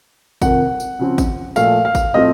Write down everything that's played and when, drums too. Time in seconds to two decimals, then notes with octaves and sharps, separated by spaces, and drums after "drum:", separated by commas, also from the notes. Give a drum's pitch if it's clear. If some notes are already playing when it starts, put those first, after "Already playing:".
0.42 F2 C3 D#3 F#5, drum: kick G#1, tambourine
0.80 drum: tambourine
0.99 C#3 F3 C4
1.18 drum: kick G#1, tambourine
1.56 A#2 F3 A3 F5, drum: tambourine
1.85 F5
1.95 drum: kick G#1, tambourine
2.14 A2 F3 A3 C4 D#5